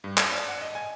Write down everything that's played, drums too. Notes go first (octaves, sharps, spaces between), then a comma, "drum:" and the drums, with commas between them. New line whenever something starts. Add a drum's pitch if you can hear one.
G2
A5, drum: clap
D5
F#5
D#5
G#5